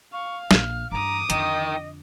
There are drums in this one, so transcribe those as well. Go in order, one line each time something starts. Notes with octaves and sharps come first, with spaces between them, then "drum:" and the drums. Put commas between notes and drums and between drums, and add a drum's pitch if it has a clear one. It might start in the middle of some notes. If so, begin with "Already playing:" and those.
F5 C#6
A#1 F6, drum: snare
G2 E3 A#5 D6 D#6
F2 D3 D#3 D#5, drum: hi-hat